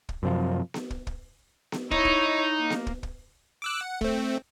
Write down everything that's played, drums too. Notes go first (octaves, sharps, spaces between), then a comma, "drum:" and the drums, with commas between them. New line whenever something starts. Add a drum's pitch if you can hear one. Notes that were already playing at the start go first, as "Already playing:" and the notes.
drum: kick
F#2 C3 F3
drum: snare B3
drum: kick
drum: kick
drum: snare B3
D#4 E4 C#5, drum: kick
drum: kick
A#3
drum: snare B3
drum: kick
drum: kick
D6 E6 F#6
F#5
A3 C4, drum: kick